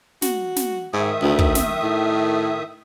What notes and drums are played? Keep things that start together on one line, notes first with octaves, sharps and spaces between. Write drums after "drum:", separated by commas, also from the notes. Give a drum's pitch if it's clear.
F#4, drum: snare
drum: snare
G#2 D#3 E5 D#6
D2
drum: kick
drum: snare
A2